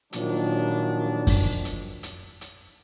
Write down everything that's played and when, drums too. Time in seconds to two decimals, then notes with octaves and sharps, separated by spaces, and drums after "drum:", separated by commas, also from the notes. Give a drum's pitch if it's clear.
0.13 A#2 D#3 F3 F#3 D4, drum: hi-hat
1.27 drum: kick F#2, open hi-hat
1.65 drum: hi-hat
2.03 drum: hi-hat
2.41 drum: hi-hat